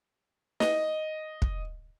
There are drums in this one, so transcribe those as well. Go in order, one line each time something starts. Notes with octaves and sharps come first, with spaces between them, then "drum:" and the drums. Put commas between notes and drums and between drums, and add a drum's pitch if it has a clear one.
D#5, drum: snare
drum: kick